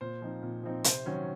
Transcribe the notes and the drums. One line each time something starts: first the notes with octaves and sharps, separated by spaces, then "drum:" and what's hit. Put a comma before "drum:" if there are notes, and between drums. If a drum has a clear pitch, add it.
A#2 C5
F3 C4 D#4
A#2
F3 C4 D#4
C3 C5, drum: hi-hat
D#3 F#3 C#4